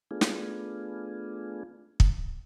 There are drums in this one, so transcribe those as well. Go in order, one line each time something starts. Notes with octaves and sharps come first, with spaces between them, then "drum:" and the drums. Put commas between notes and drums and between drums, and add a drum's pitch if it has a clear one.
A3 B3 D4 F4 G#4
drum: snare
drum: kick